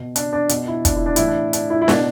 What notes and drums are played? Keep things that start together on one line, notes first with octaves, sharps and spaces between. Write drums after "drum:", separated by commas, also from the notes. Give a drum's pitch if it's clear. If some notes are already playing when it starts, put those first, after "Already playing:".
Already playing: B2
D4, drum: hi-hat
D4
B2, drum: hi-hat
E4
D4, drum: kick, hi-hat
E4
D4
A2 E3 E4, drum: hi-hat
D4
D4, drum: hi-hat
E4
E4
B2 D4, drum: snare